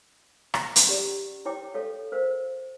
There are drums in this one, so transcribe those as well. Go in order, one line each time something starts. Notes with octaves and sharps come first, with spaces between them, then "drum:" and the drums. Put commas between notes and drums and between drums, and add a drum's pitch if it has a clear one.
A#5, drum: rim click
drum: hi-hat
C#4 G4 D5
E4 C#5 G5 D6
A4 C#5 F5
A#4 C5 F5